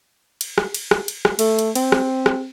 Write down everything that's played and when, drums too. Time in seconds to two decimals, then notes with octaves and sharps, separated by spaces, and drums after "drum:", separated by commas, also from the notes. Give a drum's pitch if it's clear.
0.41 drum: cymbal
0.58 drum: rim click
0.74 drum: cymbal
0.91 drum: rim click
1.08 drum: cymbal
1.25 drum: rim click
1.39 A3, drum: cymbal
1.59 drum: cymbal
1.75 C4, drum: cymbal
1.92 drum: rim click
2.26 drum: rim click